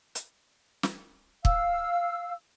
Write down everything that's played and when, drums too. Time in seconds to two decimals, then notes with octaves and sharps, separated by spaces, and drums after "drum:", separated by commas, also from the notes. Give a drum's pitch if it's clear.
0.15 drum: hi-hat
0.83 drum: snare
1.45 F5 E6, drum: kick